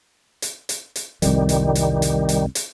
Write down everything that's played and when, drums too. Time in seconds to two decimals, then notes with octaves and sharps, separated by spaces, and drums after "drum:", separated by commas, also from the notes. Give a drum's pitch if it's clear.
0.42 drum: hi-hat
0.69 drum: hi-hat
0.96 drum: hi-hat
1.22 C2 F2 D#3 G3, drum: hi-hat
1.49 drum: hi-hat
1.75 drum: hi-hat
2.02 drum: hi-hat
2.29 drum: hi-hat
2.55 drum: hi-hat